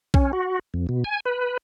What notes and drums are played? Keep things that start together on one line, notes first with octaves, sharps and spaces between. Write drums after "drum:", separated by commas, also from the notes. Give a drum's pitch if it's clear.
C#4, drum: kick B1
F#4
F2
B2
G#5
B4